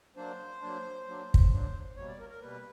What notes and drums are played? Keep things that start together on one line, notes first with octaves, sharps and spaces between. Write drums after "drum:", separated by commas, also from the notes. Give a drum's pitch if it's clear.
F#3 A#3 D4 C5
F#3 A#3 D4
F#3 A#3 D4
drum: kick
F#3 A#3 D4
B2 G3 A#3 C#5
D5
A#4
A#4
B2 G3 A#3 B4